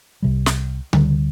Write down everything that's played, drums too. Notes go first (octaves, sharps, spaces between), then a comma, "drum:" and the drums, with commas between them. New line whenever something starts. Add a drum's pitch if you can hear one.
C2 C3 G3
drum: snare
D2 D3 G3, drum: tom C#3